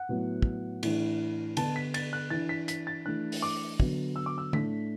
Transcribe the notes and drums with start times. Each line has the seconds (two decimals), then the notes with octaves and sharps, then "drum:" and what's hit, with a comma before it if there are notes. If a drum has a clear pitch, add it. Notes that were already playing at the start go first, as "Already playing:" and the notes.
Already playing: F#5
0.09 A2 F#3 B3
0.42 drum: kick
0.83 A2 E3 D4, drum: cymbal
1.57 D3 B3 D4 A5, drum: cymbal
1.76 B6
1.94 A6, drum: cymbal
2.13 F#6
2.30 E3 D4 A6
2.49 B6
2.68 B6, drum: hi-hat
2.87 A6
3.05 E3 A3 D4 F#6
3.32 drum: open hi-hat
3.42 D6
3.80 D3 F#3 B3, drum: kick
4.16 E6
4.26 D6
4.38 E6
4.53 A2 A3 D4 B6, drum: tom D3